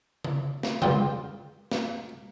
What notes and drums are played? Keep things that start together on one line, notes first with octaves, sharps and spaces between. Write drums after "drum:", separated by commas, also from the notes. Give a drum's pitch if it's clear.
drum: tom C#3
drum: snare
C#2 F#2 F4 G5, drum: tom C#3
drum: snare